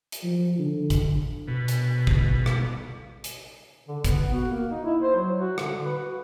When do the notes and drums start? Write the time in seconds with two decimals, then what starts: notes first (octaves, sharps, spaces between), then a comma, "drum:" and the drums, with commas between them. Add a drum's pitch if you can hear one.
0.12 drum: hi-hat
0.23 F3
0.59 D3
0.90 drum: kick, hi-hat
1.48 B2
1.68 drum: hi-hat
2.07 drum: kick
2.46 drum: rim click
3.24 drum: hi-hat
3.88 D3
4.04 B3, drum: kick, hi-hat
4.34 F#4
4.51 A#3
4.71 D#4
4.85 E4
5.02 C5
5.16 F#3
5.37 F#4
5.58 D3, drum: rim click
5.85 B4
5.98 F#4